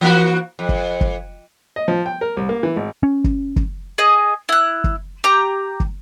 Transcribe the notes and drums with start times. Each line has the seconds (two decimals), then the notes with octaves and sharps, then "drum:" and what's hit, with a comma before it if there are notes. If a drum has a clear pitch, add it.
0.01 E3 A#3 F#4
0.59 F2
0.69 drum: kick
1.01 drum: kick
1.76 D#5
1.88 F3
2.06 G5
2.21 A#4
2.37 C2
2.49 A#3
2.63 E3
2.76 G#1
3.03 C#4
3.24 drum: kick
3.56 drum: kick
3.98 G#4 D#5
4.49 E4 F#6
4.84 drum: kick
5.24 G4 A#5
5.80 drum: kick